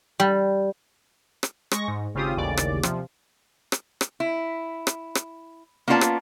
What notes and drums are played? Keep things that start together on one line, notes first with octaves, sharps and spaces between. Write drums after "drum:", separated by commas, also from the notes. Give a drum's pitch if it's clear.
G3
drum: rim click
G#3 C#6 A#6, drum: rim click
G#2
G#1 C#3 C4 F4 G4 D#6
A1 D#2 C#3 D5
drum: rim click
C3 F3, drum: rim click
drum: rim click
drum: rim click
E4
drum: rim click
drum: rim click
A#3 B3 C#4 F4 D5 A5
drum: rim click